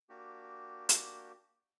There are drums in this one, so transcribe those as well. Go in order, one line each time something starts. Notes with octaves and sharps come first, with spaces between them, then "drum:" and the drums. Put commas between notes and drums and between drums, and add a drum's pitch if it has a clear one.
A#3 D4 F#4 G4
drum: hi-hat